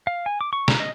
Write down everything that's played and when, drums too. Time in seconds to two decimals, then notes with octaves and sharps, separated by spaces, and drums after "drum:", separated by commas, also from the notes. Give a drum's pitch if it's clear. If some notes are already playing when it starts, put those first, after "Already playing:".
0.07 F5
0.26 G#5
0.41 D6
0.53 C#6
0.68 A#5, drum: snare
0.80 D#5